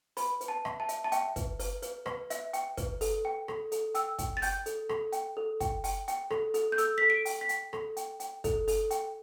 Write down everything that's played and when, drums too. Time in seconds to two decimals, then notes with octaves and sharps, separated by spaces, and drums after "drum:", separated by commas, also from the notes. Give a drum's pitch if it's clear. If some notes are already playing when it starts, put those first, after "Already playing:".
0.17 B4 B5, drum: open hi-hat
0.41 B4, drum: hi-hat
0.48 A5
0.65 E5, drum: rim click
0.80 A5
0.89 E5, drum: hi-hat
1.04 A5
1.12 E5 G5, drum: hi-hat
1.36 B4, drum: kick, hi-hat
1.60 B4, drum: open hi-hat
1.82 B4, drum: hi-hat
2.06 B4, drum: rim click
2.30 E5, drum: hi-hat
2.53 G5, drum: hi-hat
2.77 B4, drum: kick, hi-hat
3.01 A4, drum: open hi-hat
3.25 G5
3.48 A4, drum: rim click
3.72 A4, drum: hi-hat
3.95 G5 E6, drum: hi-hat
4.19 G5, drum: kick, hi-hat
4.37 A6
4.42 G5 G6, drum: open hi-hat
4.66 A4, drum: hi-hat
4.89 A4, drum: rim click
5.12 G5, drum: hi-hat
5.37 A4
5.60 G5, drum: kick, hi-hat
5.84 G5, drum: open hi-hat
6.08 G5, drum: hi-hat
6.31 A4, drum: rim click
6.54 A4, drum: hi-hat
6.72 G6
6.78 A4 E6, drum: hi-hat
6.98 A4 B6
7.10 D7
7.25 G5, drum: open hi-hat
7.41 B6
7.49 G5, drum: hi-hat
7.73 A4, drum: rim click
7.97 G5, drum: hi-hat
8.20 G5, drum: hi-hat
8.44 A4, drum: kick, hi-hat
8.68 A4, drum: open hi-hat
8.91 G5, drum: hi-hat